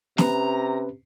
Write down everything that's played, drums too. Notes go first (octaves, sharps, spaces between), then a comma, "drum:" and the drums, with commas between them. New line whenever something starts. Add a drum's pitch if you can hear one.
C3 C#4 B4 A#5, drum: snare